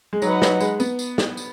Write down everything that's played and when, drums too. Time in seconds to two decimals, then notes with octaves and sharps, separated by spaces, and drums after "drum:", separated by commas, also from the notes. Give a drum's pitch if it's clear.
0.13 G#3
0.22 F#3 D#4 B4 F#5, drum: tambourine
0.42 F#3, drum: snare
0.60 G#3, drum: tambourine
0.80 B3, drum: tambourine
0.99 drum: tambourine
1.18 drum: snare
1.37 drum: tambourine